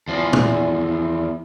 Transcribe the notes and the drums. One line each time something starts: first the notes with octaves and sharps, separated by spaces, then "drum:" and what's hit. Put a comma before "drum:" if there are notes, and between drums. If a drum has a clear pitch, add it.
E2 F3
drum: tom